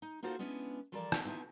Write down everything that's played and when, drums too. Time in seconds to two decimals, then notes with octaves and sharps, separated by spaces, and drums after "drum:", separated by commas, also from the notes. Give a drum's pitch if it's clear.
0.02 D#4
0.23 A#3 D#4 F4 F#4 A4 C5
0.39 G#3 B3 C#4 D4 E4
0.92 E3 F3 G3 A4 A#4 D5
1.12 drum: rim click
1.24 B3 C4 D#4 E4